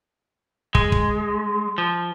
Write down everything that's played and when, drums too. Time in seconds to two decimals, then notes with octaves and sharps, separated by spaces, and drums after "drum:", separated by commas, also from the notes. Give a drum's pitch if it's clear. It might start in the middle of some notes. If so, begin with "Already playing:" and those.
0.75 G#3, drum: kick
0.92 drum: kick
1.78 F3